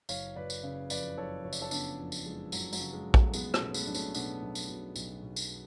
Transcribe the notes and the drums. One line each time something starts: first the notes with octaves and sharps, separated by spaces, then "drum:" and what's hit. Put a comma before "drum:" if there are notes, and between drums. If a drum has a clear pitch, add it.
F#1 C#5 F5, drum: tambourine
F#1 B4 D5
drum: tambourine
C#3
F2 B4 D5, drum: tambourine
F#1 A4 C#5
F#1 C#5
D5, drum: tambourine
A4 C#5
C#3 B3 D4, drum: tambourine
F2
drum: tambourine
F#1 G#3
F#1 F#3, drum: tambourine
F#3, drum: tambourine
C#3
G#3
F2
F#3 A3, drum: kick A#1
B1 G#3 B3, drum: tambourine
A3 C#4, drum: rim click
B2
G#3 B3, drum: tambourine
B1 D4
A3 C#4, drum: tambourine
B2 B3 D4, drum: tambourine
B1
drum: tambourine
B2
B1, drum: tambourine
B2
drum: tambourine